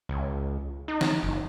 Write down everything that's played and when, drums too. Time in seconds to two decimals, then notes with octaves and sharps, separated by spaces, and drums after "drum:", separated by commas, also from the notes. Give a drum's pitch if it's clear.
0.09 C#2
0.88 D#4
1.01 drum: snare
1.23 F#1